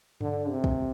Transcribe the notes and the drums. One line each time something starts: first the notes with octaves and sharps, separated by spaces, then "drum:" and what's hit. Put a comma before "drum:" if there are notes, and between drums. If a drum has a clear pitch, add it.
D3, drum: tom G2
C3
drum: kick